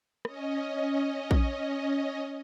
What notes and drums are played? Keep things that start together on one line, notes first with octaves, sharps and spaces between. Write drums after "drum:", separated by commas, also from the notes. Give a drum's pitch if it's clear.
C#4 D#5, drum: rim click
drum: kick A#1